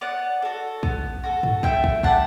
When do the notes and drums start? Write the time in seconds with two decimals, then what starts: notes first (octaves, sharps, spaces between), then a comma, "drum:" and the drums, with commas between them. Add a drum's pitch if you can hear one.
0.01 B3 D5 F#5
0.42 F#4 A4
0.83 B3, drum: kick
1.24 F#4 A4
1.43 drum: tom G2
1.63 A3 E5 G5, drum: kick
1.84 drum: kick
2.03 C4 G4 F#5 A5, drum: kick